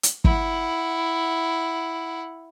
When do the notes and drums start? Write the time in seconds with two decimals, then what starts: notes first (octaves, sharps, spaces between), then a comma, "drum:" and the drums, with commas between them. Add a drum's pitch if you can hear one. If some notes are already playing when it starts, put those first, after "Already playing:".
0.03 drum: hi-hat
0.24 E4 F#5, drum: kick